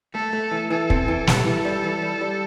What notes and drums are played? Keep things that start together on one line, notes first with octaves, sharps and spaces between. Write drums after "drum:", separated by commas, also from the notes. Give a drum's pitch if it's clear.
A3 A4
A3
E3
E3 A4
C4, drum: kick
E3
G2, drum: snare
E3
G3
E3
G3
G3